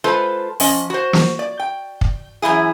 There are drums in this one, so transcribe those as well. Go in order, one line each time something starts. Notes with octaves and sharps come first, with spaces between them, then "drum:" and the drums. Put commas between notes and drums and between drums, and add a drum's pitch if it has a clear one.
G#3 F4 A4 B4 C5
F3 C#4 D#5, drum: open hi-hat
F#4 C5
drum: snare
D5
G5
drum: kick
F#2 A2 E3 E4 G#4